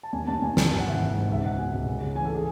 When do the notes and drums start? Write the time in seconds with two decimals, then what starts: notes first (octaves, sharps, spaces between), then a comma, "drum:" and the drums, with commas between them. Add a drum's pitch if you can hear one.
0.03 A5
0.13 D#2 G#5
0.27 D#2 A5
0.42 D#2 G#5
0.57 D#2, drum: snare
0.70 G#1 G#5
0.79 F#5
0.85 E3 E5
0.96 G#1 F#5
1.14 G#2
1.29 C#2 E5
1.44 C#2 F#5
1.58 B2 G#5
1.72 C#2
1.87 C#2
2.01 C#3
2.15 E3 G#5
2.25 A4
2.35 G#4